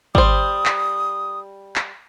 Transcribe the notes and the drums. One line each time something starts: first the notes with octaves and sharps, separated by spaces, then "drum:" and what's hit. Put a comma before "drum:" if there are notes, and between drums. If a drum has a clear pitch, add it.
G3 C5 D#6, drum: kick
drum: clap
drum: clap